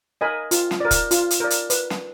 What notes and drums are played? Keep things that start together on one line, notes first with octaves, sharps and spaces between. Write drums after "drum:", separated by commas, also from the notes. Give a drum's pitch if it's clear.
A#4 D#5 G#5 B5
F4, drum: hi-hat
drum: snare
A#4 D5
drum: kick E1, hi-hat
F4, drum: hi-hat
drum: hi-hat
A#4 D5
drum: hi-hat
B4, drum: hi-hat
drum: snare